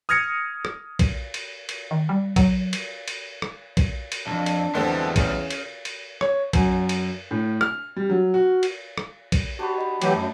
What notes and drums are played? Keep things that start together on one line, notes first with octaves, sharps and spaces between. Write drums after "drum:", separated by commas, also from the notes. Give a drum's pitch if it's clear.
D#6 F6 G#6 A#6 C#7
drum: rim click
drum: kick A#1, cymbal
drum: cymbal
drum: cymbal
D#3
G3
F#3, drum: kick A#1, cymbal
drum: cymbal
drum: cymbal
drum: rim click
drum: kick A#1, cymbal
drum: cymbal
C2 F2 D4 A5
drum: cymbal
E2 D3 G3 G#3 C4
C#3, drum: kick A#1, cymbal
drum: cymbal
drum: cymbal
C#5, drum: rim click
F#2, drum: kick A#1, cymbal
drum: cymbal
A2
F6, drum: rim click
G3
F#3
F#4
drum: cymbal
drum: rim click
drum: kick A#1, cymbal
D4 F#4 G4 C5 B5
D#5 B5
E3 F#3 A3 G4 A5, drum: cymbal
F#2 D#5